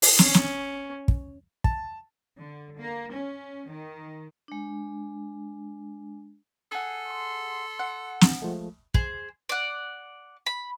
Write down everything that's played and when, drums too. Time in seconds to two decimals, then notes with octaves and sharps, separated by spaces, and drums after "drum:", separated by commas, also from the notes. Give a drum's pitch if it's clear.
0.02 drum: open hi-hat
0.19 C#4, drum: snare
0.34 drum: snare
1.08 drum: kick
1.64 A5, drum: kick
2.40 D3
2.78 A#3
3.14 C#4
3.69 D#3
4.48 G#3 D4
6.72 G#4 A4 F#5
7.07 C6
7.79 F#5
8.21 drum: snare
8.42 F3 G#3 A3
8.94 G#4 C5, drum: kick
9.49 D5 F#5
10.46 B5